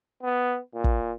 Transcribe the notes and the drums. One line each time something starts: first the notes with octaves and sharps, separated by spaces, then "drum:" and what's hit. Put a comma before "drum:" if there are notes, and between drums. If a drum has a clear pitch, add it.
B3
A#2
drum: kick